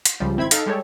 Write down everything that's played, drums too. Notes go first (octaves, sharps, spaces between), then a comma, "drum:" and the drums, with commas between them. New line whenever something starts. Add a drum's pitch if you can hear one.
drum: hi-hat
C#2 C#3 F3 G3
G#1 C4 E4 B5 G#6
D#4 A4 F5, drum: hi-hat
G3 G#3 G4 A4 C#5